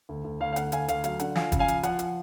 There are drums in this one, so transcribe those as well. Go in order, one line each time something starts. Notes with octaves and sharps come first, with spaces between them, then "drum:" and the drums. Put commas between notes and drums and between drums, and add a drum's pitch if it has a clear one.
D2
D2
D2 F5
F5
D2 F#5, drum: hi-hat
D2 F5 G#5, drum: hi-hat
D2 F5, drum: hi-hat
F#3 F5, drum: hi-hat
D3 F#5, drum: hi-hat
F3 F5 G#5, drum: snare
C#3, drum: kick, hi-hat
F5 G#5
F3, drum: hi-hat
F3 F#5, drum: hi-hat
F3, drum: hi-hat